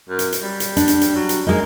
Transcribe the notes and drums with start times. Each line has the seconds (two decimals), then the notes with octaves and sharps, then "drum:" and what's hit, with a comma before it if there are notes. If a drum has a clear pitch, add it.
0.09 F#2
0.19 drum: hi-hat
0.33 drum: hi-hat
0.42 G3
0.60 drum: hi-hat
0.77 D4, drum: hi-hat
0.88 drum: hi-hat
1.01 drum: hi-hat
1.15 F#3
1.29 drum: hi-hat
1.47 G#3 A#3 D#4